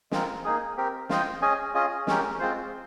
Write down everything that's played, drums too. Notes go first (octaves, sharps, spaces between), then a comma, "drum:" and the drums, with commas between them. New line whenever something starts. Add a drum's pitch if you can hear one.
G#3 C4 F4 A#4, drum: snare
A#3 D#4 G#4
C4 G4 A#4
F4 C5 D#5 G5, drum: snare
C#4 G#4 D#5 G#5
C#4 F4 G#4 D#5
G#3 C#4 G4 A#4, drum: snare
G#3 C4 F4 C5